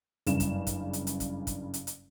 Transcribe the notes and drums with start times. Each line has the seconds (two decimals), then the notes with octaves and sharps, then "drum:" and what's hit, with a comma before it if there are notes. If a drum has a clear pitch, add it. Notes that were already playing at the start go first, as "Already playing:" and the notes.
0.26 F#1 G2 C#3 E7, drum: hi-hat
0.40 drum: kick, hi-hat
0.67 drum: kick, hi-hat
0.93 drum: hi-hat
1.07 drum: hi-hat
1.20 drum: kick, hi-hat
1.47 drum: kick, hi-hat
1.74 drum: hi-hat
1.87 drum: hi-hat